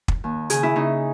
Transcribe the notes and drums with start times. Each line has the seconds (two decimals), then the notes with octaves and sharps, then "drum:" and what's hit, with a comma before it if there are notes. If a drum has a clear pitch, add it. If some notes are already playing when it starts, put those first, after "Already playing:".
0.08 drum: kick
0.24 D#2
0.50 C#3 G#4, drum: hi-hat
0.63 E4
0.76 C#3 D#4